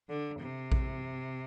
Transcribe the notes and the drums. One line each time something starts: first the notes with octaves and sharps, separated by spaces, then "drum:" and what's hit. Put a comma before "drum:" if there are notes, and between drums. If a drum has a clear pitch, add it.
D3
C3
drum: kick A#1